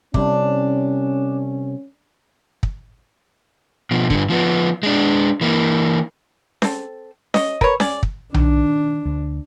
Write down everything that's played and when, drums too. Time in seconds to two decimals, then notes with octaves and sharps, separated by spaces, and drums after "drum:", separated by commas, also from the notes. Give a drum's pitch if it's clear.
0.14 C3 G3 C#4 D4, drum: kick
2.63 drum: kick
3.91 B2 F3
4.10 G2 D3, drum: kick
4.30 F3 B3
4.83 G#3 D4
5.41 E3 A#3
6.62 C4 A4, drum: snare C#4
7.34 C#5 D#5, drum: snare C#4
7.61 A#4 B4 C#5, drum: kick
7.80 C#4 D5, drum: snare C#4
8.03 drum: kick
8.34 D#3 D4, drum: tom B1
9.05 D2